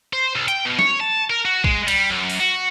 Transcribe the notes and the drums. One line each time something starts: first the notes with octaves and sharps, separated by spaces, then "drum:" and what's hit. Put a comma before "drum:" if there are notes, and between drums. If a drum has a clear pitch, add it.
C5
B1
G5, drum: hi-hat
B2
C#5, drum: snare
A5
A#4
F#4
G#3, drum: kick
G3, drum: cymbal
F#2
drum: open hi-hat
F#4